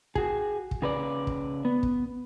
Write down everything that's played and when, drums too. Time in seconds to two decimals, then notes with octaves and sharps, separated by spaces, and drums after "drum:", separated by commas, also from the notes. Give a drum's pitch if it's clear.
0.15 F#4 G#4, drum: kick
0.71 drum: kick
0.82 C#3 B4 D5
1.27 drum: kick
1.65 B3
1.83 drum: kick